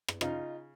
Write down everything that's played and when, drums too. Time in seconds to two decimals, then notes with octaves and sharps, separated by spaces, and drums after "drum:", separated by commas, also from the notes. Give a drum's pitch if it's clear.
0.08 drum: rim click
0.21 C#3 D#4 F4, drum: rim click